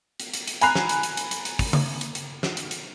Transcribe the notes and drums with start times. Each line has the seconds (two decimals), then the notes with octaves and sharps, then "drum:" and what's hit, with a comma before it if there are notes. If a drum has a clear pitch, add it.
0.20 drum: hi-hat
0.34 drum: hi-hat
0.47 drum: hi-hat
0.61 G#5 A#5 B5 F#6 C7 F7, drum: hi-hat
0.75 drum: snare
0.89 drum: hi-hat
1.03 drum: hi-hat
1.17 drum: hi-hat
1.31 drum: hi-hat
1.45 drum: hi-hat
1.59 drum: kick, open hi-hat
1.73 drum: tom C#3
2.01 drum: hi-hat
2.15 drum: hi-hat
2.43 drum: snare
2.57 drum: hi-hat
2.71 drum: hi-hat